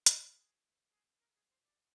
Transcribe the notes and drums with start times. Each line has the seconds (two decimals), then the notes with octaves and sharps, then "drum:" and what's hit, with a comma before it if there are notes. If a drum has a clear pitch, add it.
0.06 F4, drum: hi-hat
0.21 G4
0.35 G#4
0.92 G#4
1.21 A#4
1.36 G#4
1.51 C5
1.65 D5